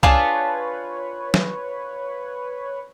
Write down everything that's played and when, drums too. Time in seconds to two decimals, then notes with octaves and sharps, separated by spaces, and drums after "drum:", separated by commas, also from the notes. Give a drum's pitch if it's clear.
0.03 D4 F4 G#4 B4 C#5 A5, drum: kick
1.34 drum: snare